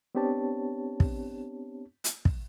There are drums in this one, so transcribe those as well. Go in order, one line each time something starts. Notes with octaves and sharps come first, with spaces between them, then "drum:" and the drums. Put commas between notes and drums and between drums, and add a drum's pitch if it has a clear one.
B3 C4 D4 G4 C#5 A5
drum: kick
drum: hi-hat
drum: kick